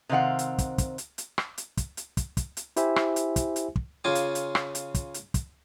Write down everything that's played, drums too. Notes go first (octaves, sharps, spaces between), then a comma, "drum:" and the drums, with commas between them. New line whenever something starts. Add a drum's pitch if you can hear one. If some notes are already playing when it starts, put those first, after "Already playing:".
C3 D#3 C4 F5 F#5
drum: hi-hat
drum: kick, hi-hat
drum: kick, hi-hat
drum: hi-hat
drum: hi-hat
drum: rim click
drum: hi-hat
drum: kick, hi-hat
drum: hi-hat
drum: kick, hi-hat
drum: kick, hi-hat
drum: hi-hat
E4 G4 C5 E5 G#5, drum: hi-hat
drum: rim click
drum: hi-hat
drum: kick, hi-hat
drum: hi-hat
drum: kick
C#3 F4 G#5 D6
drum: hi-hat
drum: hi-hat
drum: rim click
drum: hi-hat
drum: kick, hi-hat
drum: hi-hat
drum: kick, hi-hat